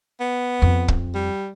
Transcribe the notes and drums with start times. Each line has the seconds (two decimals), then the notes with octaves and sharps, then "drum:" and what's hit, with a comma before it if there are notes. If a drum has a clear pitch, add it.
0.20 B3
0.62 F2
0.88 drum: kick
1.14 G3